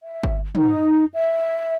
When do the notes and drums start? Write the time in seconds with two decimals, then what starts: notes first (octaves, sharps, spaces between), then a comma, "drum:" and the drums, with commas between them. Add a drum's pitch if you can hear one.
0.02 E5
0.23 drum: kick G1
0.55 D#4, drum: tom
1.14 E5